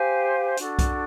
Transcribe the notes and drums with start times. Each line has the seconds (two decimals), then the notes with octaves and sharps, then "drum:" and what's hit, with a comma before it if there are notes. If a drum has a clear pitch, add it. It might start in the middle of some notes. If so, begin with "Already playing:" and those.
Already playing: G4 C5 F5 G#5
0.57 D4 F#4 A4, drum: hi-hat
0.79 drum: kick B1, hi-hat